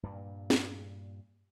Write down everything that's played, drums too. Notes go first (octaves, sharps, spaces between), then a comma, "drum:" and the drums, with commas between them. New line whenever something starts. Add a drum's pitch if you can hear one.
G2 A#2 G3
drum: snare